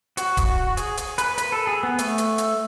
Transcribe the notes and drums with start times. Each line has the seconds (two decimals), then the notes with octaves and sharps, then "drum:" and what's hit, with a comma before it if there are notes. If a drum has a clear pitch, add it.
0.17 F#4, drum: hi-hat
0.37 drum: kick D1, hi-hat
0.77 G#4, drum: hi-hat
0.97 drum: hi-hat
1.18 B4, drum: hi-hat
1.38 B4, drum: hi-hat
1.52 A4
1.67 G#4
1.83 B3
1.98 A3, drum: hi-hat
2.18 drum: hi-hat
2.38 drum: hi-hat